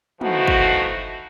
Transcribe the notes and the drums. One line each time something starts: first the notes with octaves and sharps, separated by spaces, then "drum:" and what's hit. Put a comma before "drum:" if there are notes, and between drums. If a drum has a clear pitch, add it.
E3 F3 A3 D#4 F#4, drum: tom
drum: kick